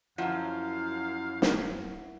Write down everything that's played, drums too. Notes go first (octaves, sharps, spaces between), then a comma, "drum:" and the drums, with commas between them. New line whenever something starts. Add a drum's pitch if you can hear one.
F#2 F3 F#3 E4 F5 F#5 E6
drum: snare